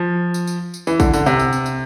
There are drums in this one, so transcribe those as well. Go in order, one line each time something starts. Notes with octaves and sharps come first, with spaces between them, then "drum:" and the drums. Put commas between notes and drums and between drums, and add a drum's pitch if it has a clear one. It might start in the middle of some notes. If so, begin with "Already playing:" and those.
Already playing: F3
drum: tambourine
drum: tambourine
drum: tambourine
E3, drum: tambourine
D3, drum: kick, tambourine
D3, drum: tambourine
C3, drum: tambourine
drum: tambourine
drum: tambourine
drum: tambourine